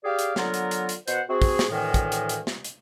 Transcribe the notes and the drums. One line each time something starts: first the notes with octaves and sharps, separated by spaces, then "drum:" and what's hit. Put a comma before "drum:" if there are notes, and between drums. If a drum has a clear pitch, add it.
G4 G#4 D5 F5
drum: hi-hat
D3 F#3 B3 F4 A#4, drum: snare
drum: hi-hat
drum: hi-hat
drum: hi-hat
B2 C5 F#5, drum: hi-hat
C4 F#4 G#4
drum: kick, open hi-hat
drum: snare
D2 A2 D#3 E3 G#3
drum: kick, hi-hat
drum: hi-hat
drum: hi-hat
drum: snare
drum: hi-hat